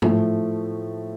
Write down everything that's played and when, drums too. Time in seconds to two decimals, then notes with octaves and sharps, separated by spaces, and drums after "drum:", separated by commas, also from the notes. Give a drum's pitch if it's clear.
0.02 A2 F3 A3, drum: tom G#2